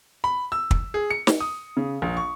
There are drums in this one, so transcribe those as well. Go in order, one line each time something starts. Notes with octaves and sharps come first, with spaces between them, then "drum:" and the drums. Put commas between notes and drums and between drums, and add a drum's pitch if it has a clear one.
B5
E6
drum: kick
G#4
C#7
drum: snare
D#6
C#3
A#1
C#6